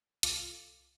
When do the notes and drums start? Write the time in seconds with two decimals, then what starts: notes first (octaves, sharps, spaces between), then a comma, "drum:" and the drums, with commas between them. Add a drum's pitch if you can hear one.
0.23 C2 F4 A4 D6 A6, drum: hi-hat